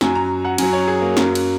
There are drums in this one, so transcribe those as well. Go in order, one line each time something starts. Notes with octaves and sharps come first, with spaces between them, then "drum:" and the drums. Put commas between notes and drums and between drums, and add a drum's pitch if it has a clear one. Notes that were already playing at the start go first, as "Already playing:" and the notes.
F#2 F#3 G#5, drum: snare
A#5
F#5
F#2 F#3 G#5, drum: cymbal
C#5
G#4
A#3
F#2 F#3, drum: snare
drum: cymbal